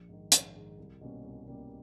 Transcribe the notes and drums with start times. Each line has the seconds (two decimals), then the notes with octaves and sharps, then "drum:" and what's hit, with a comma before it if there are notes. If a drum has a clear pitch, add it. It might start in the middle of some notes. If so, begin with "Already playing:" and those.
Already playing: A#1
0.09 G#2 D#3
0.32 A#1, drum: hi-hat
0.55 G#2 D#3
0.78 C2
1.01 B2 G3 A#3 C#4
1.24 C2
1.48 B2 G3 A#3 C#4